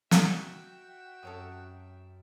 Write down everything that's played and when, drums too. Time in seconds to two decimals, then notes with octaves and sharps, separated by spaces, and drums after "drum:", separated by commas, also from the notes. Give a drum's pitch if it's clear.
0.11 F#4 E5 F#5 G5, drum: snare
1.23 F#2 C3 C#4 A4 A5 D#6